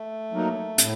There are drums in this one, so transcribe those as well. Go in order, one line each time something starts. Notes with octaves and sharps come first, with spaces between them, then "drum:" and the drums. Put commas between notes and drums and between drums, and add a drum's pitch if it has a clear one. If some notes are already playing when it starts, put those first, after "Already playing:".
Already playing: A3
F#3 A#3 D#4
A2, drum: hi-hat